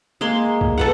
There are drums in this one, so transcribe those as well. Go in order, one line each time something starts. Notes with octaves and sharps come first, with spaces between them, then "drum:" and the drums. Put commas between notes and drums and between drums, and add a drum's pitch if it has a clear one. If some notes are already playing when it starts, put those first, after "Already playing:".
G#3 A#3 C6
drum: kick
A4 B4 F#5